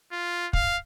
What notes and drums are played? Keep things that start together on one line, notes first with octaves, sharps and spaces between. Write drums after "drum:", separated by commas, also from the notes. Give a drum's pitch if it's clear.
F4
F5, drum: kick